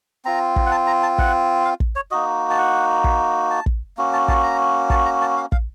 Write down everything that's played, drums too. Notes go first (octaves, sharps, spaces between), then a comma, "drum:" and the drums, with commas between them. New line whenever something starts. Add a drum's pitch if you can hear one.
C4 F4 A#5
drum: kick
F#5
A5
A#5
A5
F#5, drum: kick
F5
drum: kick
C#5
A#3 D#4 F#4 D#5
A5
F#5
drum: kick
A5
drum: kick
A#3 C#4 F#4
A5
A5, drum: kick
A#5
A5, drum: kick
A#5
A5
F5
F5, drum: kick